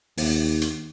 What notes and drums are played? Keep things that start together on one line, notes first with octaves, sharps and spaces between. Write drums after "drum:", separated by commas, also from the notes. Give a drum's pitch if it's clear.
D#2, drum: open hi-hat
drum: hi-hat